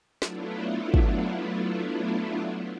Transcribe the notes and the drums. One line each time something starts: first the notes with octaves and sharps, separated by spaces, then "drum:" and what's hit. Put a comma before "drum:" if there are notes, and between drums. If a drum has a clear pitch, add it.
F#3 A3 B3 D4 E4 F4, drum: snare
drum: kick